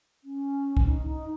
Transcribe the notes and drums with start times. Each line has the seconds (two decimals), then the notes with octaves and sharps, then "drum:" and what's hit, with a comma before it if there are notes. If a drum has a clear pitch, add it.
0.24 C#4
0.77 drum: kick
0.86 D#4
1.06 D#4